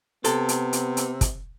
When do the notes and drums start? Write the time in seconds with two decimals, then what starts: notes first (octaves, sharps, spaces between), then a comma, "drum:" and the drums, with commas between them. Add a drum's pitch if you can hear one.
0.24 C3 B3 A4, drum: hi-hat
0.49 drum: hi-hat
0.73 drum: hi-hat
0.97 drum: hi-hat
1.21 drum: kick, hi-hat